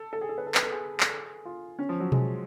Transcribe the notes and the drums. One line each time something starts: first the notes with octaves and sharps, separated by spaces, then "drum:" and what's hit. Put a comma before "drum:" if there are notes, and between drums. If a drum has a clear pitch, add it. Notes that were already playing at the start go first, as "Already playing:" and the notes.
Already playing: A4
A4
G#4
A4
B4
A4
B4, drum: clap
A4
G#4
drum: clap
F4
C#4
F3
F#3
G#3, drum: tom B2